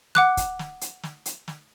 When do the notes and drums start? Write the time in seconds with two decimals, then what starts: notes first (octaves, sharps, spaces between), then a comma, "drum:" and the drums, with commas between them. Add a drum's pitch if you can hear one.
0.15 F#5 D6 F#6, drum: snare
0.37 drum: kick, hi-hat
0.59 drum: snare
0.81 drum: hi-hat
1.03 drum: snare
1.26 drum: hi-hat
1.48 drum: snare